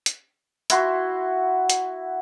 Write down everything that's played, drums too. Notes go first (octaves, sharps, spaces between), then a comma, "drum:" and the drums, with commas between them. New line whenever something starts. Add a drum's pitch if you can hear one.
drum: hi-hat
E4 F#4 C6, drum: hi-hat
drum: hi-hat